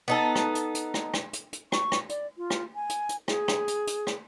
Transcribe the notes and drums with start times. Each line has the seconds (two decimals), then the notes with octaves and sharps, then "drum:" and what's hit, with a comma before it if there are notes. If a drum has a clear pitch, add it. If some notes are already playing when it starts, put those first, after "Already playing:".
0.08 B3 D#4 A4
0.35 drum: rim click
0.55 drum: hi-hat
0.75 drum: hi-hat
0.94 drum: rim click
1.14 drum: rim click
1.33 drum: hi-hat
1.53 drum: hi-hat
1.72 C#6, drum: rim click
1.92 drum: rim click
2.09 D5, drum: hi-hat
2.37 F4
2.50 drum: rim click
2.75 G#5
2.90 drum: hi-hat
3.09 drum: hi-hat
3.28 G#4, drum: rim click
3.48 drum: rim click
3.68 drum: hi-hat
3.87 drum: hi-hat
4.07 drum: rim click